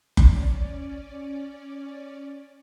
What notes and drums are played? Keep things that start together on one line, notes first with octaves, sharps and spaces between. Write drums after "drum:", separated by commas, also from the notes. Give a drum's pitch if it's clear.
C#4 D5, drum: kick F#1